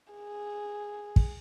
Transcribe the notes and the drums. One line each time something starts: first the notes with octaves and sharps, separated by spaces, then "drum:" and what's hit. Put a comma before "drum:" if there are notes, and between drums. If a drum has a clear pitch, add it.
G#4
drum: kick